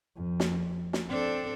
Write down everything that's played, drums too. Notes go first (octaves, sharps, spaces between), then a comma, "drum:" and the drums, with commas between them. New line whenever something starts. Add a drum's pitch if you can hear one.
F2
drum: snare
drum: snare
C4 D4 A4